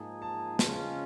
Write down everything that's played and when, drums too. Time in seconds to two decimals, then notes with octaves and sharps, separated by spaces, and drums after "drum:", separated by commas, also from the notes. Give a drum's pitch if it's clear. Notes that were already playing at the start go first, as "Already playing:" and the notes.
Already playing: G#2 F3 A#3 D#4 G#4 A5
0.22 A5
0.59 C#3 F3 G#3 C#4 F4, drum: snare